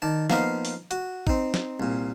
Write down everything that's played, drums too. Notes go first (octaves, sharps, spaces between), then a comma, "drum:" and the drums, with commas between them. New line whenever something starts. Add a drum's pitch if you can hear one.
D#3 D5 A5
F3 A#3 B3 D#4 F5 B5, drum: snare
drum: open hi-hat
F#4, drum: hi-hat
C4 D#4, drum: kick
drum: snare
C2 A#2